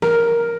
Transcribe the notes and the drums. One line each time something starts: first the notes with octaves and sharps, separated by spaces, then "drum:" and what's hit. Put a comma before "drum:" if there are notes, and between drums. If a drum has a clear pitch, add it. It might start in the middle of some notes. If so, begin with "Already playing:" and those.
A#4, drum: snare